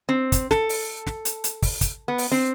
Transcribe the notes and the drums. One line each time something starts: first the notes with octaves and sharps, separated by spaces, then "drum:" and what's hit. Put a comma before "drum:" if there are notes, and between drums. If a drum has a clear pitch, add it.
C4
drum: kick, hi-hat
A4, drum: snare
drum: open hi-hat
drum: snare
drum: hi-hat
drum: hi-hat
drum: kick, open hi-hat
drum: kick, hi-hat
B3
drum: open hi-hat
C4